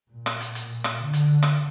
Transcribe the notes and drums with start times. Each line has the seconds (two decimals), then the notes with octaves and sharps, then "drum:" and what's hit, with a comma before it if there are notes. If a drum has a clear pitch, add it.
0.11 A#2
0.26 drum: rim click
0.41 drum: hi-hat
0.55 drum: hi-hat
0.84 drum: rim click
1.02 D3
1.13 drum: hi-hat
1.43 drum: rim click